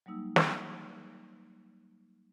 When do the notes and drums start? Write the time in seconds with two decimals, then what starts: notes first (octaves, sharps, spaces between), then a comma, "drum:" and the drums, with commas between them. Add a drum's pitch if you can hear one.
0.06 F#3 G3 A#3 D#4 E6
0.36 drum: snare